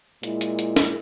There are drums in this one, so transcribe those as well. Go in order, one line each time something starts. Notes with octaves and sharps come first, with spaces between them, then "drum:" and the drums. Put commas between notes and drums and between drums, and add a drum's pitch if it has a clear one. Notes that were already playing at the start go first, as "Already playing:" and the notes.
A#2 G#3 E4, drum: hi-hat
drum: hi-hat
drum: hi-hat
drum: snare